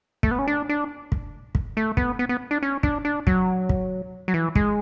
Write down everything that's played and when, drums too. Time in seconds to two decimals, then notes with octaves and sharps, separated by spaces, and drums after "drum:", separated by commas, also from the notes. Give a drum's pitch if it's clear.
0.23 A3, drum: kick
0.31 B3
0.39 C#4
0.48 D4
0.69 D4
1.12 drum: kick
1.55 drum: kick
1.77 A3
1.97 B3, drum: kick
2.19 B3
2.29 B3
2.51 D4
2.63 C#4
2.83 D4, drum: kick
3.05 D4
3.27 F#3, drum: kick
3.69 drum: kick
4.28 F#3
4.34 E3
4.55 G#3, drum: kick